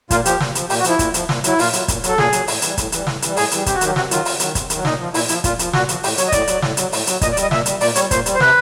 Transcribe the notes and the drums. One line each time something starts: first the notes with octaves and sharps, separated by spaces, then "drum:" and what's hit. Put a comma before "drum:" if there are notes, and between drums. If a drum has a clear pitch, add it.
A#2 F4, drum: kick, hi-hat
F3 G4, drum: hi-hat
A#2, drum: snare
F3, drum: hi-hat
A#2 G4, drum: open hi-hat
F#4
F3 E4, drum: hi-hat
A#2, drum: kick, hi-hat
F3, drum: hi-hat
A#2, drum: snare
F#3 E4, drum: hi-hat
A#2 F4, drum: open hi-hat
F#3, drum: hi-hat
A#2, drum: kick, hi-hat
F#3 A4, drum: hi-hat
A#2 G#4, drum: snare
F#3, drum: hi-hat
A2, drum: open hi-hat
E3 G3, drum: hi-hat
A2, drum: kick, hi-hat
E3 G3, drum: hi-hat
A2, drum: snare
E3 G3, drum: hi-hat
A2 G#4, drum: open hi-hat
E3 G3, drum: hi-hat
C3 G4, drum: kick, hi-hat
F#4
D#3 F#3 G4, drum: hi-hat
C3 F#4, drum: snare
D#3 F#3 F4, drum: hi-hat
C3, drum: open hi-hat
D#3 F#3, drum: hi-hat
C3, drum: kick, hi-hat
D#3 F#3, drum: hi-hat
A#2 D#4, drum: snare
F3
A#2 E4, drum: open hi-hat
F3 E4, drum: hi-hat
A#2 F4, drum: kick, hi-hat
F3, drum: hi-hat
A#2 F#4, drum: snare
F3, drum: hi-hat
A2 G4, drum: open hi-hat
F#3 C#5, drum: hi-hat
D#5
A2 D5, drum: kick, hi-hat
F#3, drum: hi-hat
A2, drum: snare
F#3, drum: hi-hat
A2, drum: open hi-hat
F#3, drum: hi-hat
A#2 D#5, drum: kick, hi-hat
D5
G3 D#5, drum: hi-hat
A#2 E5, drum: snare
G3, drum: hi-hat
A#2 D5, drum: open hi-hat
G3 C#5, drum: hi-hat
A#2 C5, drum: kick, hi-hat
G3, drum: hi-hat
C5
C3 B4, drum: snare